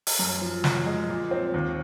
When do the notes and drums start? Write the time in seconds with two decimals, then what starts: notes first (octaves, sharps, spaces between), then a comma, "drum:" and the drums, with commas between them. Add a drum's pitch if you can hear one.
0.07 drum: open hi-hat
0.19 F#2
0.41 F3
0.64 F#2, drum: snare
0.86 G#3
1.09 A#2
1.31 C4
1.54 D#2